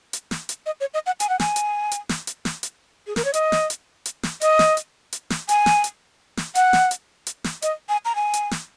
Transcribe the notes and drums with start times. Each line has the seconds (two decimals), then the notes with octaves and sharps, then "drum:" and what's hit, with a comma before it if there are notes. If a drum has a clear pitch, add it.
0.13 drum: hi-hat
0.31 drum: snare
0.49 drum: hi-hat
0.66 D#5
0.80 C#5
0.94 D#5
1.06 F#5
1.20 G#5, drum: hi-hat
1.29 F#5
1.40 G#5, drum: snare
1.56 drum: hi-hat
1.92 drum: hi-hat
2.09 drum: snare
2.27 drum: hi-hat
2.45 drum: snare
2.63 drum: hi-hat
3.07 G#4
3.16 A#4, drum: snare
3.25 C#5
3.34 D#5, drum: hi-hat
3.52 drum: snare
3.70 drum: hi-hat
4.06 drum: hi-hat
4.23 drum: snare
4.41 D#5, drum: hi-hat
4.59 drum: snare
4.77 drum: hi-hat
5.13 drum: hi-hat
5.30 drum: snare
5.49 G#5, drum: hi-hat
5.66 drum: snare
5.84 drum: hi-hat
6.37 drum: snare
6.55 F#5, drum: hi-hat
6.73 drum: snare
6.91 drum: hi-hat
7.27 drum: hi-hat
7.44 drum: snare
7.62 D#5, drum: hi-hat
7.89 G#5
8.05 A#5
8.16 G#5
8.34 drum: hi-hat
8.51 drum: snare